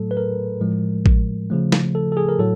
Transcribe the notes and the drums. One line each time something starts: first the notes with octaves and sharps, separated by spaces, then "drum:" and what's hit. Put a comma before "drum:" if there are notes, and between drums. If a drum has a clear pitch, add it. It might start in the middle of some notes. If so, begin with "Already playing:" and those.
Already playing: A2 F#3 A3 A4
B4
A#4
A2 F3 G#3
drum: kick A1
C#3 F3 A3
drum: snare
A4
A4
G#4
A#4
A2 F#3 A4